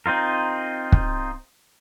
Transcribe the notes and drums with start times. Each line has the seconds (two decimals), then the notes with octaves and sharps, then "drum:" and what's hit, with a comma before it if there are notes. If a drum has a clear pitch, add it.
0.06 C4 D#4 F4 A#4
0.92 drum: kick